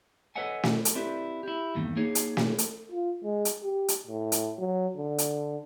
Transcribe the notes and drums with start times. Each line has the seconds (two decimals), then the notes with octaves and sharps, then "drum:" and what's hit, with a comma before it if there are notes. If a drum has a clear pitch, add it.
0.36 A4 B4 C#5 D#5 F#5 G#5
0.63 drum: snare
0.85 drum: hi-hat
0.95 C4 E4 G4 B4 D5
1.43 E4 G4
1.75 E2 G2 D#3 A3 A#3
1.97 A#3 D#4 G#4 C#5
2.15 drum: hi-hat
2.37 drum: snare
2.58 drum: hi-hat
2.92 F4
3.24 G#3
3.45 drum: hi-hat
3.64 G4
3.88 drum: hi-hat
4.07 A2
4.32 drum: hi-hat
4.59 F#3
4.97 D3
5.18 drum: hi-hat